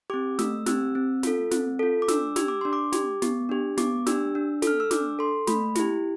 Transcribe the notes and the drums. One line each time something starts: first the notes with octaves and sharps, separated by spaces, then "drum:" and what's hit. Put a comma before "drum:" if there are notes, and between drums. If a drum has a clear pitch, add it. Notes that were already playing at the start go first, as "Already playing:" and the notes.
C4 G4 D6
A3 E6, drum: snare
C4 G4 E6, drum: snare
C4
F4 A4, drum: snare
C4, drum: snare
F4 A4
D6
D4 E6, drum: snare
G4 E6, drum: snare
D6
D4 C6
D6
G4, drum: snare
B3, drum: snare
D4 G4
B3 D6, drum: snare
D4 G4 E6, drum: snare
D4
A4 F6, drum: snare
E6
D4 D6, drum: snare
A4 C6
A3 B5, drum: snare
E4 G4, drum: snare